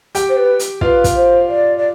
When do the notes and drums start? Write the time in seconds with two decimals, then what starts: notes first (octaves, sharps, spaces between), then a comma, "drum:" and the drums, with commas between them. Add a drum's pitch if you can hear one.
0.15 G4 G5, drum: hi-hat
0.29 C5
0.37 B4
0.59 drum: hi-hat
0.81 F4 B4 F5, drum: kick
1.04 drum: kick, hi-hat
1.16 C5
1.49 D5
1.78 D5